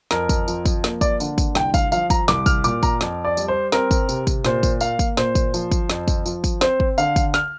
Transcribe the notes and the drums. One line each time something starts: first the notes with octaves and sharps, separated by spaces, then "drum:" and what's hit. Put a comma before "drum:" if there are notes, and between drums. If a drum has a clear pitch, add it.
F2 A#4, drum: snare
drum: kick, tambourine
F3, drum: tambourine
drum: kick, tambourine
A#3, drum: snare
D5, drum: kick, tambourine
D3, drum: tambourine
drum: kick, tambourine
C2 G5, drum: snare
F5, drum: kick, tambourine
F3 F5, drum: tambourine
A#5, drum: kick, tambourine
C2 D6, drum: snare
F6, drum: kick, tambourine
A#2 D6, drum: tambourine
A#5, drum: kick, tambourine
F2, drum: snare
D5
G3, drum: tambourine
C5
C4 A#4, drum: snare
drum: kick, tambourine
C3, drum: tambourine
drum: kick, tambourine
A#2 C5, drum: snare
drum: kick, tambourine
A#3 F5, drum: tambourine
drum: kick, tambourine
A#2 C5, drum: snare
drum: kick, tambourine
F3, drum: tambourine
drum: kick, tambourine
F2, drum: snare
drum: kick, tambourine
F3, drum: tambourine
drum: kick, tambourine
C4 C5, drum: snare
drum: kick
D3 F5, drum: tambourine
drum: kick, tambourine
F6, drum: snare